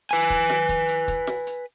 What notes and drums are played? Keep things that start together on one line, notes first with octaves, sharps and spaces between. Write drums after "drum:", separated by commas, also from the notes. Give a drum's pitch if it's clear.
B4 G#5, drum: hi-hat
drum: kick
drum: snare
drum: kick, hi-hat
drum: hi-hat
drum: kick, hi-hat
drum: snare
drum: hi-hat